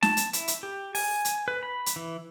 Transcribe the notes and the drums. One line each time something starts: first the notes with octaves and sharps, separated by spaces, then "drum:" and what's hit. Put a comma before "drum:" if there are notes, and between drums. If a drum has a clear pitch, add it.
A5, drum: snare
drum: hi-hat
E4, drum: hi-hat
drum: hi-hat
G4
G#5, drum: open hi-hat
drum: hi-hat
B4
B5
drum: hi-hat
E3